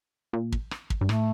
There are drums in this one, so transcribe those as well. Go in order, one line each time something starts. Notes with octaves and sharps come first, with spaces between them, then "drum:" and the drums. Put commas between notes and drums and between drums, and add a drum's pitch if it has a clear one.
A#2
drum: kick
drum: rim click
drum: kick
G2
A2 A3, drum: rim click